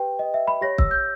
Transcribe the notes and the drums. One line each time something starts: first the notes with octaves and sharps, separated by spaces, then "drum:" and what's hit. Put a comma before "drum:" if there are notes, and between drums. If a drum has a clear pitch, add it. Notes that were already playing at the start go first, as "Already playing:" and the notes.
Already playing: G4 B4 G5
D#5
E5
B5
G4 C#5 A#6
E6, drum: kick
G6